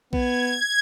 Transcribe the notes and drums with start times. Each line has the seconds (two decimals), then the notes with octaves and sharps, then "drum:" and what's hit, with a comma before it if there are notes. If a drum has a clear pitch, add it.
0.13 B3 G#6, drum: kick A#1